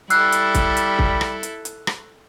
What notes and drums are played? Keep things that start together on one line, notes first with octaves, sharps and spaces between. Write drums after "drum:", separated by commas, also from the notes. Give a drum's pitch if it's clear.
G3 E4 A4 E6 F#6 C7, drum: hi-hat
drum: hi-hat
drum: kick, hi-hat
drum: hi-hat
drum: kick
drum: rim click
drum: hi-hat
drum: hi-hat
drum: rim click